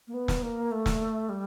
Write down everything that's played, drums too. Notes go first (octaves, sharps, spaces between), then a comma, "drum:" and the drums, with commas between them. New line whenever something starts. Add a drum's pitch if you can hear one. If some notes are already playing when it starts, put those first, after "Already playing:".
A#3
B3
drum: snare
A#3
A3
drum: snare
G3